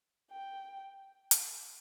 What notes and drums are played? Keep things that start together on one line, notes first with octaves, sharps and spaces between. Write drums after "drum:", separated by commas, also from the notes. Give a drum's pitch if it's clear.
G5
drum: hi-hat